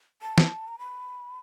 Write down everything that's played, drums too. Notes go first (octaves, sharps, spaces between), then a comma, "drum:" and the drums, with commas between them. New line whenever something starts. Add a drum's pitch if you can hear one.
A5
drum: snare
A#5
B5